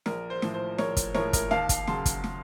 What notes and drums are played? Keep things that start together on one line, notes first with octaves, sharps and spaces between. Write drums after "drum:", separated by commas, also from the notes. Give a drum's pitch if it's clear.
A#1 A#4, drum: snare
C5
A2 F3, drum: snare
C5
A#1 A#4 C#5, drum: snare
drum: kick, hi-hat
A2 F3 A#4 C#5, drum: snare
A#4, drum: kick, hi-hat
D#2 F5 A5, drum: snare
drum: kick, hi-hat
C#3 F#3 A5 C6, drum: snare
drum: kick, hi-hat
drum: snare